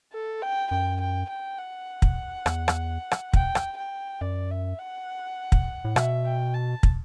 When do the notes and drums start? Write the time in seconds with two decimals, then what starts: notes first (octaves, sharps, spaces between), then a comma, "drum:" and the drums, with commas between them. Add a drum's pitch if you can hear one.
0.13 A4
0.42 G5
0.71 F#2 G5
1.01 G5
1.29 G5
1.58 F#5
2.02 drum: kick
2.46 E2, drum: rim click
2.68 drum: rim click
3.11 drum: rim click
3.33 G5, drum: kick
3.55 drum: rim click
3.76 G5
4.21 F#2 D5
4.51 E5
4.79 F#5
5.52 drum: kick
5.85 A2
5.96 B2 E5, drum: rim click
6.25 G5
6.54 A5
6.83 drum: kick